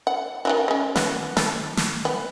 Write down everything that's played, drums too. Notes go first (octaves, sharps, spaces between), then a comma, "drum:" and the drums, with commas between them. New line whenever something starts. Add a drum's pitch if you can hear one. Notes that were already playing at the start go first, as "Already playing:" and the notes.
F#5
D#3 E3 F#4
G#3 C#4
B3 F#4, drum: snare
A4, drum: snare
drum: snare
B3